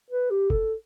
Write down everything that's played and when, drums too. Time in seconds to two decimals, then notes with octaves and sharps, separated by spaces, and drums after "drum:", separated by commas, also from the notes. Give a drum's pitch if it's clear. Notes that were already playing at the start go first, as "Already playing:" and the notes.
0.10 B4
0.31 G4
0.50 A4, drum: kick